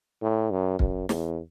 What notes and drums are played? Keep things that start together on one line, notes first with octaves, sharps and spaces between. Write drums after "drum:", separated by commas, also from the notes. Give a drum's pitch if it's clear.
A2
F#2
F#2, drum: kick
E2, drum: snare